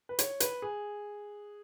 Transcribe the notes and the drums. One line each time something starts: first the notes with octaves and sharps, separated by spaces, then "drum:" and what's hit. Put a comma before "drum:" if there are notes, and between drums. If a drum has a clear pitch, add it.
B4
C#5, drum: hi-hat
B4, drum: hi-hat
G#4